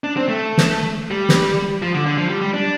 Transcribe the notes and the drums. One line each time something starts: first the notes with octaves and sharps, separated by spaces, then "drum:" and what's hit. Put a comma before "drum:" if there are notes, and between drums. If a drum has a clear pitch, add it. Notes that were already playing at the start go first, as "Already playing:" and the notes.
D4
C4
A3
drum: snare
G3
drum: snare
F3
D3
D3
F3
G3
G3
D4